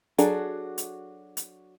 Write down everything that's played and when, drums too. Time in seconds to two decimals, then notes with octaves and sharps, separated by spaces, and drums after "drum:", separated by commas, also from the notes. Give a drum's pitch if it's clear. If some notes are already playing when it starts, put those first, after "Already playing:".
0.18 F#3 D4 F#4 G#4 A4, drum: hi-hat
0.78 drum: hi-hat
1.37 drum: hi-hat